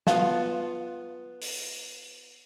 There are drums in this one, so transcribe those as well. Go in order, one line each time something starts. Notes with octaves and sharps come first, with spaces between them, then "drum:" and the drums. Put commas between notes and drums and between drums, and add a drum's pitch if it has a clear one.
B3 F4 F5 A5, drum: snare
drum: open hi-hat